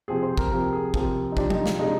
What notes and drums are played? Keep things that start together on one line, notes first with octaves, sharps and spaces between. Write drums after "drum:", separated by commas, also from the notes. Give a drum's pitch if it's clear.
C3 F3 C4 G#4
C5
A#4, drum: kick
C3 F3 C4 A#4
G#4
C3 F3 C4 A#4, drum: kick
D#4
C3 F3 C4 D4, drum: kick
D#4, drum: tom
F4, drum: snare
C3 F3 G#3 D4 D#4